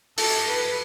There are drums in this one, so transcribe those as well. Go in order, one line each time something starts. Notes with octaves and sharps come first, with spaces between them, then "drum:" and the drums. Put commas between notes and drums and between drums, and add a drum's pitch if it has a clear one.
A4, drum: open hi-hat
B4